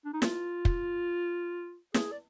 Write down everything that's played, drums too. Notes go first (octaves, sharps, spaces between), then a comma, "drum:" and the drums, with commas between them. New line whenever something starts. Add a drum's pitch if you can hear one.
D4
D#4
F4, drum: snare
drum: kick
G#4, drum: snare
D5